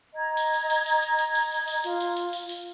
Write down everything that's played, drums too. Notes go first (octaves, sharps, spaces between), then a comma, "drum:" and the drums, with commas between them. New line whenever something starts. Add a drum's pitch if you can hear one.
D#5 A#5 G#6
drum: tambourine
drum: tambourine
drum: tambourine
drum: tambourine
drum: tambourine
drum: tambourine
drum: tambourine
drum: tambourine
drum: tambourine
F4, drum: tambourine
drum: tambourine
drum: tambourine
drum: tambourine
drum: tambourine